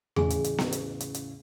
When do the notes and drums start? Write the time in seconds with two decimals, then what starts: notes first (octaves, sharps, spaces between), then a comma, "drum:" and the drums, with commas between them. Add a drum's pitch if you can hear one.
0.16 A1 E2 C#3 G#4 G#5, drum: tom E2
0.30 drum: hi-hat
0.44 drum: hi-hat
0.58 drum: snare B3
0.72 drum: hi-hat
1.00 drum: hi-hat
1.14 drum: hi-hat